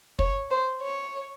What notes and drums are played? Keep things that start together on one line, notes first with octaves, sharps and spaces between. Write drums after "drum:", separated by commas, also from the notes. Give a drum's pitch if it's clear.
C#5, drum: kick
C5
C#5